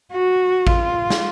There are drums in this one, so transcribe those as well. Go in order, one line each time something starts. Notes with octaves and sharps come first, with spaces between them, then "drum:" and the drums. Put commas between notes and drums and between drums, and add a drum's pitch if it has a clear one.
F#4
F4, drum: kick A1
drum: snare